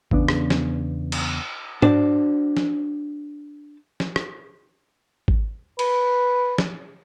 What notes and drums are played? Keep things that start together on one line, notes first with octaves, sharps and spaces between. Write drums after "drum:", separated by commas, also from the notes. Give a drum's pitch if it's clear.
E2 C#3 B3 D4, drum: kick G#1
drum: rim click
drum: snare
drum: cymbal
D4 F#4 C5 D5, drum: tom G#2
drum: snare
drum: snare
drum: rim click
drum: kick G#1
B4, drum: cymbal
drum: snare